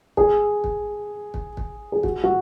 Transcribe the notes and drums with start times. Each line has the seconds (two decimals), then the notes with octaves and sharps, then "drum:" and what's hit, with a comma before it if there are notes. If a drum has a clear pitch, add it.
0.17 G#4, drum: kick
0.64 drum: kick
1.34 drum: kick
1.57 drum: kick
1.92 G#4
2.03 F#4, drum: kick
2.24 F#4